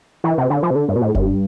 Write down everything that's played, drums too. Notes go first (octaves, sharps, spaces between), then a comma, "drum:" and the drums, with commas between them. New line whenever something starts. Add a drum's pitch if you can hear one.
E3
C3
D3
F3
C3
D3
G2
B2
A2
G2, drum: kick F1